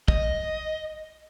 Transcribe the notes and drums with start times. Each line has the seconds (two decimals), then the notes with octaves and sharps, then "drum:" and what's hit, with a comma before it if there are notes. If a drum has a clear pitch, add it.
0.08 D#5, drum: kick